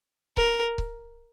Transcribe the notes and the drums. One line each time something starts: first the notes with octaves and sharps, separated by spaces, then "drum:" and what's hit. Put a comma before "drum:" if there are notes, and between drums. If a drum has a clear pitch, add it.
A#4, drum: kick C#1
drum: kick C#1